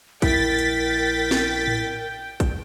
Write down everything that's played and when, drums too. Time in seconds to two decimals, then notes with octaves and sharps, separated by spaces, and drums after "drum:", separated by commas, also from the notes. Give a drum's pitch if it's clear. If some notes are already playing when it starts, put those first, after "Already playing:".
0.22 A#1 E4 A#4 G5 A6 B6 D7, drum: kick, hi-hat
0.59 drum: hi-hat
1.31 drum: snare
1.67 drum: tom A2
2.40 drum: kick, hi-hat